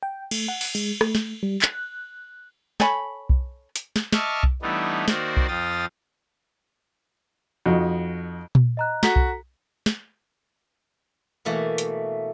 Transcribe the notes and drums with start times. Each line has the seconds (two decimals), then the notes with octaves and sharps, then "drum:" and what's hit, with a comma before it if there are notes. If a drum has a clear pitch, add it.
0.03 G5
0.31 A3, drum: cymbal
0.48 F#5
0.61 drum: open hi-hat
0.75 G#3, drum: cymbal
1.01 A3, drum: rim click
1.15 drum: snare
1.43 G3
1.62 F#6, drum: clap
2.80 A4 C#5 G#5 B5, drum: snare
3.29 drum: kick B1
3.76 drum: hi-hat
3.96 drum: snare
4.12 D#5 E5 A5 C#6 D6 F6, drum: snare
4.43 drum: kick B1
4.62 E3 G3 A3 B3 D4 D#4
5.08 D#3 A#3 F#4 C5 D5, drum: snare
5.37 drum: kick B1
5.48 F2 F5 G5 D#6 A6
7.66 F2 D#4 F#4
8.55 drum: tom A#2
8.77 D#5 A#5 F#6
9.03 F#4 A4 A#5 B6, drum: snare
9.16 drum: kick B1
9.86 drum: snare
11.45 B2 E3 A3 A#3
11.78 drum: hi-hat